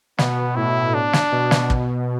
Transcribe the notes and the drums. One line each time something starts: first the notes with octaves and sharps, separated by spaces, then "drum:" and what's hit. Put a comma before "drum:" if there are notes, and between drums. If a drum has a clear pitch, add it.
B2 B3, drum: snare
A2 E4
D4
drum: snare
B2
drum: snare
drum: kick